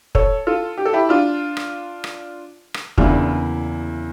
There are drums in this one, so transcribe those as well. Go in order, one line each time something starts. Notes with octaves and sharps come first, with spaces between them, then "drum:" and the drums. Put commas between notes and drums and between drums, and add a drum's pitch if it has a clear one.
A4 C#5, drum: kick
F4 A4
G4
A4
E4 G4
D4 F4
drum: rim click
drum: rim click
drum: rim click
E2 C#3 E3 A#3 D4 E4 F4, drum: kick